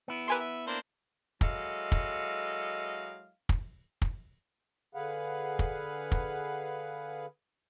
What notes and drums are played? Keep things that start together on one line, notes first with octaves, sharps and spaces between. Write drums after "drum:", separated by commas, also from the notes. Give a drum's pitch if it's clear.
B3 E4
G4 A#4 B4 E5 G#5 C6
E5
A#3 D4 C5
F#3 G#3 E4 A4 D#5 F5, drum: kick
drum: kick
drum: kick
drum: kick
D3 G#4 B4 F5 F#5
drum: kick
drum: kick